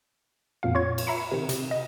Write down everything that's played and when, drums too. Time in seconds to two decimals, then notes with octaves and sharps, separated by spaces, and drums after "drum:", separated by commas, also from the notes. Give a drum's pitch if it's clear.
0.63 F2 A#2 F5
0.75 F4 C#5 C#6 G#6
0.98 drum: cymbal
1.07 E5 A#5 B5 C#7
1.31 C3 D#3
1.49 C3, drum: hi-hat
1.71 D#5